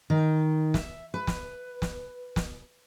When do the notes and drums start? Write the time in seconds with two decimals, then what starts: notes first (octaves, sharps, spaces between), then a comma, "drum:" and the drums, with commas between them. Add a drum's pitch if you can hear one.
0.10 D#3
0.74 E5, drum: snare
1.14 B4
1.27 drum: snare
1.82 drum: snare
2.36 drum: snare